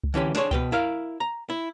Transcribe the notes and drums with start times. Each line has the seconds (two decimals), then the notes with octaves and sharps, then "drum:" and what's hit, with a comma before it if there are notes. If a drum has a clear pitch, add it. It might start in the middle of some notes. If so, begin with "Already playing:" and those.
0.04 drum: kick C#2
0.14 D3 E3 C#4 G4
0.35 D4 G#4 C5 C#5, drum: snare
0.51 B2 B4 G5, drum: kick C#2
0.72 E4 A#4 F5
1.20 A#5
1.50 E4